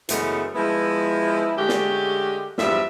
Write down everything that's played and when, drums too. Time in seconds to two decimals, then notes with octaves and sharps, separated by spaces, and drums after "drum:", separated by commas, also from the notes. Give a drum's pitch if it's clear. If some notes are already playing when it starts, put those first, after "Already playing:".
0.09 F#2 C#3 E3 G#3 A3 B3, drum: hi-hat
0.55 F3 G#3 B3 E4
1.56 D3 G#3 A3 C#4 G4
1.69 drum: snare
2.58 E2 G2 F3 B3 E5, drum: snare